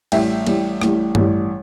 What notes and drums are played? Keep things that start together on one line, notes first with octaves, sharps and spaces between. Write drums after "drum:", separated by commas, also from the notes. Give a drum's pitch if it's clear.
A1 A2 G3 E5 G5, drum: cymbal
A1 A2 G3, drum: cymbal
A1 A2 G3, drum: rim click
A1 A2 G3, drum: tom G2